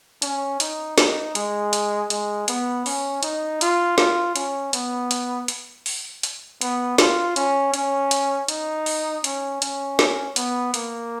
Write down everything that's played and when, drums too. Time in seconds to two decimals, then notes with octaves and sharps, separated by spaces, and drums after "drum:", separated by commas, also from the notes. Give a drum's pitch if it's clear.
0.22 C#4, drum: hi-hat
0.60 D#4, drum: hi-hat
0.98 D#4, drum: snare
1.35 G#3, drum: hi-hat
1.73 drum: hi-hat
2.10 G#3, drum: hi-hat
2.48 B3, drum: hi-hat
2.86 C#4, drum: open hi-hat
3.23 D#4, drum: hi-hat
3.61 F4, drum: hi-hat
3.98 F4, drum: snare
4.36 C#4, drum: hi-hat
4.73 B3, drum: hi-hat
5.11 drum: hi-hat
5.48 drum: hi-hat
5.86 drum: open hi-hat
6.23 drum: hi-hat
6.61 B3, drum: hi-hat
6.98 F4, drum: snare
7.36 C#4, drum: hi-hat
7.74 C#4, drum: hi-hat
8.11 drum: hi-hat
8.48 D#4, drum: hi-hat
8.86 drum: open hi-hat
9.24 C#4, drum: hi-hat
9.62 C#4, drum: hi-hat
9.99 drum: snare
10.36 B3, drum: hi-hat
10.74 A#3, drum: hi-hat